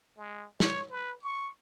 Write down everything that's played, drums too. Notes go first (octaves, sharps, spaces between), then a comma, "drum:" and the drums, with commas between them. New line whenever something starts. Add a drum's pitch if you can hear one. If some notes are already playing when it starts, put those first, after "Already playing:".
G#3
C#5, drum: snare
B4
C#6